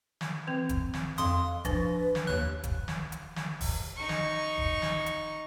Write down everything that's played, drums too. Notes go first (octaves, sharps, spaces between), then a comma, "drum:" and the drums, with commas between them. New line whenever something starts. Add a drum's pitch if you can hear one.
drum: snare
E3 C4
drum: kick, hi-hat
drum: snare
F2 F5 C6 D#6, drum: hi-hat
F3 D4 B4, drum: kick, hi-hat
drum: snare
D#2 C#5 F#6
drum: kick, hi-hat
drum: snare
drum: hi-hat
drum: snare
drum: kick, open hi-hat
D#4 C#6
drum: snare
drum: kick
drum: snare
drum: hi-hat